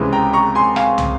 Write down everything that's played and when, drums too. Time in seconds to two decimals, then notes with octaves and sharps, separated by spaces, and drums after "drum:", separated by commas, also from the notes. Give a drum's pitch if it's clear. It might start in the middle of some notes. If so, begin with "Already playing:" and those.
Already playing: C#2 C3 E3 G#3 C#4
0.12 G5 A#5
0.33 A#5 C#6
0.55 G#5 C6
0.76 F5 G#5, drum: rim click
0.98 drum: tom